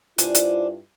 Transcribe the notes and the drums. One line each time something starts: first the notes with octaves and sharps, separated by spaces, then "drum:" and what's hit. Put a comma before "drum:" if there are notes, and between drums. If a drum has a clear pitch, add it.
G2 D4 E4 F4 C5 G#5, drum: hi-hat
drum: hi-hat